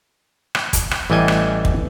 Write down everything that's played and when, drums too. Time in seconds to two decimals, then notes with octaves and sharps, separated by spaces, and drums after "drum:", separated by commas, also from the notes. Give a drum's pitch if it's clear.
0.55 drum: rim click
0.73 drum: kick, hi-hat
0.91 drum: rim click
1.10 A1 E3 G3 D#5 G5 G#5
1.28 drum: rim click
1.65 drum: kick